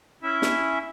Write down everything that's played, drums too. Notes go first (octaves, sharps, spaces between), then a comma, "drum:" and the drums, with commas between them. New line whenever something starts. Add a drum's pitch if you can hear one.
C#4 E4 E5
drum: snare